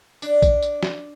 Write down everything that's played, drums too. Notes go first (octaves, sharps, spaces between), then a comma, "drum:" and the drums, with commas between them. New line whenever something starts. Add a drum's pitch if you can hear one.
D4, drum: tambourine
drum: kick A#1, tambourine
drum: tambourine
drum: snare